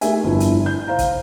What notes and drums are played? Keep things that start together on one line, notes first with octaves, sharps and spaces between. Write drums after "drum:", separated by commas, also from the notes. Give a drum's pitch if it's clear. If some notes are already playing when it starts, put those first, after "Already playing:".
A3 D#4 G4 A#4 E5 G#5, drum: hi-hat
G1 F2 E4
drum: hi-hat
G6
C5 F5 A#5
drum: kick, hi-hat